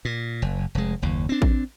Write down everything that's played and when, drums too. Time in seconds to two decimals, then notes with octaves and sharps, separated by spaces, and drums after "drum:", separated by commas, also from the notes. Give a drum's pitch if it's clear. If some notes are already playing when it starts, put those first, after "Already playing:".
0.05 A#2
0.42 F#1
0.75 F1 G#3
1.02 F#1 D#2
1.29 C4 D4
1.42 drum: kick A1